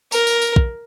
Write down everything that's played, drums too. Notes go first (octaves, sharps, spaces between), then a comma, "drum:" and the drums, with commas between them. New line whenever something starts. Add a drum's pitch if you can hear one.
A#4, drum: tambourine
drum: tambourine
drum: tambourine
drum: kick